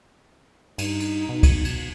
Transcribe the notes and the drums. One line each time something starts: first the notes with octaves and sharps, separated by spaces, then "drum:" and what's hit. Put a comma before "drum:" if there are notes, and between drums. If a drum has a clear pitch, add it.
G2 D#4, drum: cymbal
drum: cymbal
B2
drum: kick, cymbal
drum: cymbal